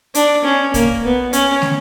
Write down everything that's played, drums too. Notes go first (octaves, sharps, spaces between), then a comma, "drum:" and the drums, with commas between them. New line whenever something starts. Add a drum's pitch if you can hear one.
D4, drum: hi-hat
C#4
A#3, drum: kick, hi-hat
B3
C#4, drum: hi-hat
drum: snare